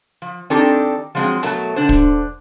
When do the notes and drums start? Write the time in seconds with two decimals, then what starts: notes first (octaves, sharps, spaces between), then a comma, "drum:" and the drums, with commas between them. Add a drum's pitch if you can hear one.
0.22 F3
0.50 D#3 C4 D4 D#4 G4 A4
1.15 F3 F#3 G#3 C4
1.43 B2 F#3 A3 A#4 A5, drum: hi-hat
1.76 D3 D4 C5
1.89 drum: kick